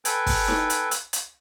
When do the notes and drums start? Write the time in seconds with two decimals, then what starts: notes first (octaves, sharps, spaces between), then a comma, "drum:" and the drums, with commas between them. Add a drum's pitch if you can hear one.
0.05 A4 B4 G5 G#5, drum: hi-hat
0.26 drum: kick, open hi-hat
0.48 drum: snare D#4
0.70 drum: hi-hat
0.91 drum: hi-hat
1.13 drum: hi-hat